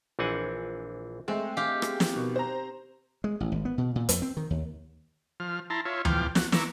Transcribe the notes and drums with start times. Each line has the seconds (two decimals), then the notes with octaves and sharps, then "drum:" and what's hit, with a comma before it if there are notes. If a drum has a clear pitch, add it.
0.19 A#1 E3 C4 D4 F#5 G#5
1.28 G#3 A3 C4
1.57 G4 F5
1.82 drum: rim click
2.00 drum: snare
2.14 B2 D#3
2.36 C5 A#5
3.24 G#3
3.40 A1
3.52 G#1
3.65 B3
3.78 B2
3.96 A#2
4.09 F2, drum: hi-hat
4.22 C4
4.37 D#3
4.50 D#2
5.40 F3 F6
5.70 E4 A5 A#5 C6
5.85 F4 C#5 E5
6.05 E2 F3 G5 D6 F6, drum: tom D2
6.35 F#4, drum: snare
6.52 E3 A#5 C#6 D6 E6, drum: snare